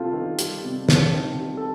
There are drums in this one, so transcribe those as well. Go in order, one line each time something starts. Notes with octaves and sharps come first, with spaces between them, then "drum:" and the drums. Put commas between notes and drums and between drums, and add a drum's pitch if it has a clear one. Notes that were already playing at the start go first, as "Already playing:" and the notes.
Already playing: C3 G3 C4 F4 A4
D#3
G3, drum: hi-hat
C3
C4, drum: snare
D#3
G3
A4